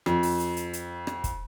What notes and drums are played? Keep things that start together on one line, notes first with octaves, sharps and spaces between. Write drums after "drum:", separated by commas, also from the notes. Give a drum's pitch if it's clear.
F2, drum: rim click
drum: open hi-hat
drum: hi-hat
drum: hi-hat
drum: hi-hat
drum: rim click
drum: kick, hi-hat